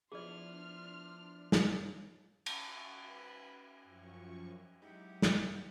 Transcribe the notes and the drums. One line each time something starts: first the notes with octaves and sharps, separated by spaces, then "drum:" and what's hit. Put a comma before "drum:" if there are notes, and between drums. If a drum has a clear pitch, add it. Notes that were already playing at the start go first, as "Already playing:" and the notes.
F3 B3 D4 E4 G#4 D5 C6 F6
drum: snare
C#6 D6, drum: cymbal
B4
F#2 F3 C#6
F#3 G#3 D#4 E4 G4 F#5
drum: snare